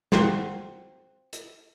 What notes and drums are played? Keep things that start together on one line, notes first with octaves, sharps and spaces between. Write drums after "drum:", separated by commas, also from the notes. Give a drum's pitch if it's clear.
C4 F4 F#4, drum: snare
drum: hi-hat